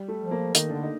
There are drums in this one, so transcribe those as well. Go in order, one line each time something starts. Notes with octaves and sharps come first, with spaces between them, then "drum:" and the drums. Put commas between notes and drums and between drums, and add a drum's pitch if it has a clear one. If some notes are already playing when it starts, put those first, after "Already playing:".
Already playing: G3
A3
F3
A#3
D#3 D#4, drum: hi-hat
D3 D4
D#4